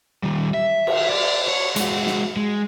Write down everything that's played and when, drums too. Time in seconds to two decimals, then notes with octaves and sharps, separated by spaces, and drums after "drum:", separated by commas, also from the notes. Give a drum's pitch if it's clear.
0.23 D#3 G3
0.54 E5
0.87 drum: cymbal
1.10 D5
1.48 C#5
1.76 G#3 F#4, drum: hi-hat
2.07 drum: snare
2.37 G#3